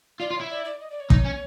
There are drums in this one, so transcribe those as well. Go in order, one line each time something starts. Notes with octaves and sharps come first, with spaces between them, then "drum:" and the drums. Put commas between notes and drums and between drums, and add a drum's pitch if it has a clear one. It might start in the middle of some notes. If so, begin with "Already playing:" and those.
F4 D5
F4
E4 C#5
D5
D5
D#5
D5
C#5
D#4, drum: kick
C#4